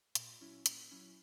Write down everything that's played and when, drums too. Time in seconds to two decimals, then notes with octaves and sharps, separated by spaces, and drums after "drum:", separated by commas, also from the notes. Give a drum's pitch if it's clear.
0.15 A#2, drum: hi-hat
0.41 F#3 C#4 E4
0.66 A#2, drum: hi-hat
0.91 F#3 C#4 E4